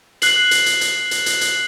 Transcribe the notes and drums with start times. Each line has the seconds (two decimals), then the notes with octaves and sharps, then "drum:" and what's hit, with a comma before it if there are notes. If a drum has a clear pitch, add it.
0.22 F#6 C7 F#7, drum: hi-hat
0.51 drum: hi-hat
0.66 drum: hi-hat
0.81 drum: hi-hat
1.11 drum: hi-hat
1.26 drum: hi-hat
1.41 drum: hi-hat